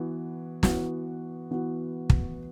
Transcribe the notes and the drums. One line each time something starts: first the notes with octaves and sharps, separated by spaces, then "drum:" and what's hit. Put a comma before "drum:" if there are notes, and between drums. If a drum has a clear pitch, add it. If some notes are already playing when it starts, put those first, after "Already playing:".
Already playing: E3 B3 F#4
E3 B3 F#4, drum: snare
E3 B3 F#4
drum: kick